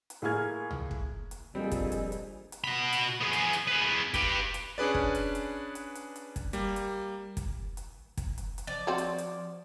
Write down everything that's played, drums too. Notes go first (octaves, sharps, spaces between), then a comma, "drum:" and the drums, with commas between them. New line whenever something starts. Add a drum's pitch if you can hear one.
drum: hi-hat
A2 A#3 G#4 F6 G#6
drum: tom C2
drum: kick
drum: hi-hat
A#1 G3 C4 G#4 A4 D#5
drum: kick, hi-hat
drum: hi-hat
drum: hi-hat
drum: hi-hat
F#4 B5
drum: hi-hat
B3 G#4
drum: hi-hat
drum: hi-hat
G#4 B4
G4 B4, drum: kick, hi-hat
drum: hi-hat
C#4 D4 G#4 B4 D5
drum: kick
drum: hi-hat
drum: hi-hat
drum: hi-hat
drum: hi-hat
drum: hi-hat
drum: kick, hi-hat
G3 A#3, drum: hi-hat
drum: hi-hat
drum: kick, hi-hat
drum: hi-hat
drum: kick, hi-hat
drum: hi-hat
drum: hi-hat
F3 D5
C4 F#4 C#5
drum: hi-hat
drum: hi-hat